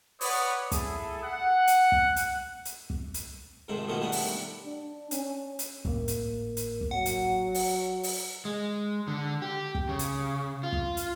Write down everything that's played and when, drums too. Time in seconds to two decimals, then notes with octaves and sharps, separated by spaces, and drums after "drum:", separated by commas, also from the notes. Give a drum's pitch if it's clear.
0.21 B4 C#5 D5 F#5 D#6, drum: open hi-hat
0.72 E4 G#4 A4, drum: kick, hi-hat
1.24 F#5
1.67 drum: hi-hat
1.92 drum: kick
2.16 drum: hi-hat
2.65 drum: hi-hat
2.90 drum: kick
3.14 drum: hi-hat
3.68 F2 G#2 C3 D#3 A3
3.88 B2 D#3 F3 F#3 A3 A#3
4.00 D#3 G3 A3 B3 D4
4.12 drum: open hi-hat
4.65 D4
5.11 C#4, drum: hi-hat
5.59 drum: hi-hat
5.85 G#1 A2 A#3 A#4, drum: kick
6.08 drum: hi-hat
6.57 drum: hi-hat
6.81 drum: kick
6.91 F#3 F#5
7.06 drum: hi-hat
7.55 drum: open hi-hat
8.03 drum: open hi-hat
8.45 G#3
9.08 D3
9.42 G4
9.75 drum: kick
9.89 C#3
9.99 drum: hi-hat
10.63 F4
10.72 drum: kick
10.97 drum: hi-hat